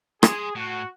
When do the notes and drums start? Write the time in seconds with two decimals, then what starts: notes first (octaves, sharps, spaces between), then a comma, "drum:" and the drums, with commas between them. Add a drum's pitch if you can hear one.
0.23 G#4 G#5 C6, drum: rim click
0.55 A2 F#4